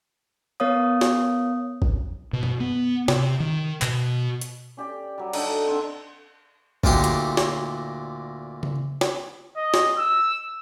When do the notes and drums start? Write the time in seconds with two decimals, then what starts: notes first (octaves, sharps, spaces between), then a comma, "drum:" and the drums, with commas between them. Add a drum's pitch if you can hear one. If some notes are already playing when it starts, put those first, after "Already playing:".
0.60 B3 A#4 C#5 F5 D#6
1.01 drum: snare
1.82 drum: kick
2.33 B2
2.43 drum: tom F#2
2.60 B3
3.08 C3, drum: snare
3.40 D#3
3.82 B2, drum: clap
4.41 drum: hi-hat
4.77 C#4 G4 D5
5.18 F#3 G3
5.33 D3 D#4 A4 F5, drum: cymbal
5.67 D3 C4
6.84 D2 A#2 D3 D#4 G4 C6, drum: kick
7.04 drum: hi-hat
7.37 drum: snare
8.63 drum: tom C#3
9.01 drum: snare
9.57 D#5
9.74 drum: snare
9.98 E6